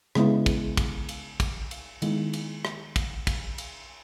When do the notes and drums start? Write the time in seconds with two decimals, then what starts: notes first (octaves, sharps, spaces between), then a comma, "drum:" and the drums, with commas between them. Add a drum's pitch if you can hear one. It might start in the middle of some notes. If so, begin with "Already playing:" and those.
0.15 C#3 G#3 B3 E4, drum: rim click
0.46 drum: kick, cymbal
0.77 drum: kick, cymbal
1.09 drum: cymbal
1.40 drum: kick, cymbal
1.71 drum: cymbal
2.02 D#3 G#3 B3 E4, drum: cymbal
2.33 drum: cymbal
2.65 drum: rim click
2.96 drum: kick, cymbal
3.27 drum: kick, cymbal
3.58 drum: cymbal